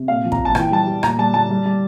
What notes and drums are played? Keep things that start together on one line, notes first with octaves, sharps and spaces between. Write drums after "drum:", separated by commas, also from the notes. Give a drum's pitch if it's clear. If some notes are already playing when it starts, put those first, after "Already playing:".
Already playing: C3
A#2 F5
F3
A#5, drum: kick
A#2
A5
E3 G5, drum: rim click
G3 A5
G3
A#2 A#5, drum: rim click
G3 A5
G3 A5
G3
G3